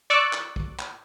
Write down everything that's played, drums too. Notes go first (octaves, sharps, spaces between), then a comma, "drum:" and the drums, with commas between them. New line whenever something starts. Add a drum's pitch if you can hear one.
D5 C#6 D6 E6 F#6
drum: clap
drum: kick
drum: clap